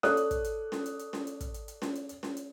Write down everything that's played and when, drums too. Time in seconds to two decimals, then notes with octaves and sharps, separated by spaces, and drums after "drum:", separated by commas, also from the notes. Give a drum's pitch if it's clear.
0.03 A4 C#5 D5 D#6 F#6, drum: snare C#4
0.17 drum: hi-hat
0.31 drum: kick, hi-hat
0.44 drum: hi-hat
0.72 drum: snare C#4
0.86 drum: hi-hat
0.99 drum: hi-hat
1.13 drum: snare C#4
1.27 drum: hi-hat
1.41 drum: kick, hi-hat
1.54 drum: hi-hat
1.68 drum: hi-hat
1.82 drum: snare C#4
1.95 drum: hi-hat
2.09 drum: hi-hat
2.23 drum: snare C#4
2.37 drum: hi-hat